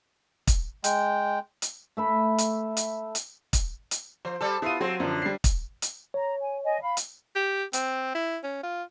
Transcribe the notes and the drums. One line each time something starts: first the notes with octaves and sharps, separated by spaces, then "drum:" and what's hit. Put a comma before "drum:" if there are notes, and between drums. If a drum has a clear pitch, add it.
drum: kick, hi-hat
G#3 G5, drum: hi-hat
drum: hi-hat
A3 E5 B5
drum: hi-hat
drum: hi-hat
drum: hi-hat
drum: kick, hi-hat
drum: hi-hat
F3 C5
G3 A4
B3 E4 F4 D#7
F#3 C4
F#2 D3 F3
G3 C7
drum: kick, hi-hat
drum: hi-hat
C#5 A#5
G#5
D#5 G#5
F5 B5
drum: hi-hat
G4
C4, drum: hi-hat
E4
C#4
F4